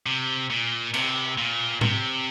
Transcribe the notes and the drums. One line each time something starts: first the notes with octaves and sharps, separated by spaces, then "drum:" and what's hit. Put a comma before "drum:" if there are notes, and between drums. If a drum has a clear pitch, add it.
C3
A#2
C3, drum: cymbal
A#2
C3, drum: tom G#2